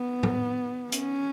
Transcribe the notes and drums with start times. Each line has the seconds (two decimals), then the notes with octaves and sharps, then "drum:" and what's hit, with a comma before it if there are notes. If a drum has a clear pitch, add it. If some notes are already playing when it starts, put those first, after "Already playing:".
Already playing: B3
0.23 drum: tom
0.92 C#4, drum: hi-hat